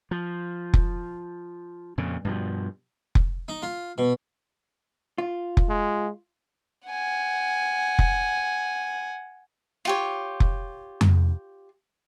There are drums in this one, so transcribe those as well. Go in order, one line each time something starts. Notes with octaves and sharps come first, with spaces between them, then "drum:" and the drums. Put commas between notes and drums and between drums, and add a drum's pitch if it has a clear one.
F3
drum: kick F1
F2 A#2 C#3
G2 B2 F3
drum: kick F1
D#4
F4
B2
F4
drum: kick F1
G#3
F#5 G#5
drum: kick F1
F4 G4 C#5
drum: kick F1
drum: tom F2